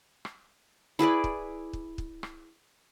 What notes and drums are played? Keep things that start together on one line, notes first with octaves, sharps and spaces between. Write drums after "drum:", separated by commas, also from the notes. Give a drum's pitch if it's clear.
drum: rim click
E4 G#4 B4 D5
drum: kick
drum: kick
drum: kick
drum: rim click